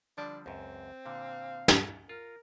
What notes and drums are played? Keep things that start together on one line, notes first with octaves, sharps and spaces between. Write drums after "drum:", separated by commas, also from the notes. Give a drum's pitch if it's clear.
D3 F3 G3 D4
C#2 F#2 C4
A#2 D3 F5
drum: snare
F4 A#4